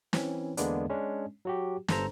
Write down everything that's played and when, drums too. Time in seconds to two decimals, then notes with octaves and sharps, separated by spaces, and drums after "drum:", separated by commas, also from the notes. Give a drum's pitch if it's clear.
0.13 E3 C4 C#4, drum: snare
0.57 E2 D3 G#3 A#3 B3 D4, drum: hi-hat
0.89 G#3 C#4 D4
1.45 F#3 F#4 G4
1.88 G1 G2 A4 C5 A#5, drum: snare